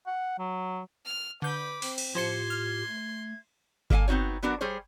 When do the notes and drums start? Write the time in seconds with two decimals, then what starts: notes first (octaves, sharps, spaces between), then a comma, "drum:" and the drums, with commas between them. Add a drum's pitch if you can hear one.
0.07 F#5
0.39 F#3
1.06 F6
1.42 D3 B4 B5 D6 G6
1.82 C4, drum: open hi-hat
1.98 drum: cymbal
2.15 A2 F3 F4 G4 C5 C6 G#6 C#7
2.50 F6
2.87 A3
3.90 A#3 A4 E5 F5 G#5, drum: kick G1
4.08 B3 C4 D#4 F#4 C#5
4.42 F#3 B3 D4 F#4 A#4
4.61 G3 G#4 C5 C#5